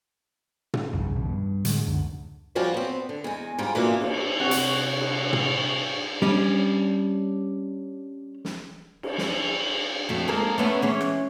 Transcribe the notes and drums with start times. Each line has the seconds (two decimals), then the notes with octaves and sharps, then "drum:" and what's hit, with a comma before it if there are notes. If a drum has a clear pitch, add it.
0.74 drum: tom
0.93 F1 B1 G2 C#3
1.16 A#1 D#2 B2
1.29 G2
1.65 A2 D3 G#3, drum: hi-hat
1.87 C#2 F#2 D3
2.55 F3 G3 C#4 F4 F#4
2.74 B3 C4
3.09 D3
3.24 E2 G#3
3.58 G#2 G3 F4
3.75 B2 E3 A#3 D4 F4
4.01 drum: cymbal
4.40 C3 F#4 C#5
4.51 drum: hi-hat
5.00 drum: cymbal
5.33 drum: tom
6.22 G3 C#4 D4
8.45 drum: snare
9.03 drum: cymbal
9.18 drum: snare
10.09 F2 A3 F#4
10.28 G#3 A#3 A4
10.58 A3 B3 C#4
10.82 E3 G#3 C#4
11.01 drum: rim click